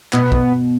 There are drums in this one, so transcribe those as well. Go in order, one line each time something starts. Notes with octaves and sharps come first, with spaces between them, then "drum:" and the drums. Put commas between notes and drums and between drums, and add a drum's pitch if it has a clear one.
B2 B3, drum: clap
drum: kick